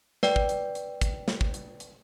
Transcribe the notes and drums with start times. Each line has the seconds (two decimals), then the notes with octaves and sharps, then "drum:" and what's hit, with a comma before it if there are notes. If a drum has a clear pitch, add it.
0.23 B4 D5 G5, drum: snare
0.36 drum: kick
0.49 drum: hi-hat
0.75 drum: hi-hat
1.01 drum: kick, hi-hat
1.28 drum: snare
1.41 drum: kick
1.54 drum: hi-hat
1.80 drum: hi-hat